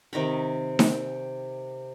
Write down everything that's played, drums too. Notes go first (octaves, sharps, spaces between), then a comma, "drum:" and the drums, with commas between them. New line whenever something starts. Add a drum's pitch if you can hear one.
C3 D#3 A#5 B5
drum: snare D#4